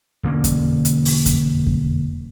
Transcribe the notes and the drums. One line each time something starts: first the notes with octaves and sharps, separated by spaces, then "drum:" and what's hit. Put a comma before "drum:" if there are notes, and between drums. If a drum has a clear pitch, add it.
E1 D3 A#3 C#4
drum: kick F2, hi-hat
drum: hi-hat
drum: open hi-hat
drum: kick F2, hi-hat
drum: kick F2